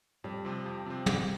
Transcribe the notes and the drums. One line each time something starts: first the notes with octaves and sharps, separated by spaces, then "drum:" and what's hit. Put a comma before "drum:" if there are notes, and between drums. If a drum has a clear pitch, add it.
F2 G3
C3 F3 C4
F2
C3 F3 C4
C3, drum: tom